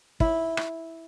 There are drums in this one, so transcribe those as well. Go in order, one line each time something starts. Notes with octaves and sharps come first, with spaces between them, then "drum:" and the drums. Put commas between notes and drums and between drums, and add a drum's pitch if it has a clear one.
E4, drum: kick
drum: rim click